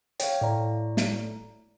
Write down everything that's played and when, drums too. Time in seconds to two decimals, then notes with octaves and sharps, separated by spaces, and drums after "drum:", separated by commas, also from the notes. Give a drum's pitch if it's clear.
0.20 C#5 F5 G5, drum: hi-hat
0.41 A2 D5 A#5
0.97 drum: snare